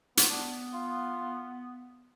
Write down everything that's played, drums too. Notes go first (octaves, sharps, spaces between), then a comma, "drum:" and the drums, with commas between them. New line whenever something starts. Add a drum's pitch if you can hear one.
B3, drum: hi-hat
B3 D4
F4